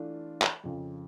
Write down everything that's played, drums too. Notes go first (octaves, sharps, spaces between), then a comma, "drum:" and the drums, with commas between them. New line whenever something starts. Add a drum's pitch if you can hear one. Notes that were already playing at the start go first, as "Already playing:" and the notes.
Already playing: E3 A3 D4 F4
drum: clap
F2 C#3 F3